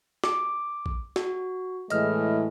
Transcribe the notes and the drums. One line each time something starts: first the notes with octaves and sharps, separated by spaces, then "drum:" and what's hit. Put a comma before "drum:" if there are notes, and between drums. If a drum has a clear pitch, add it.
D6, drum: snare
drum: kick A1
F#4, drum: snare
A2 E3 G#3 D#5 F6, drum: hi-hat